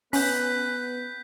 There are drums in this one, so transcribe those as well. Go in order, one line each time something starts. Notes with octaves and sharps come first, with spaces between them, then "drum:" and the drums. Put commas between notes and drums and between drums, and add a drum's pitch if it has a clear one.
B3 C#4 B4 G6 B6, drum: open hi-hat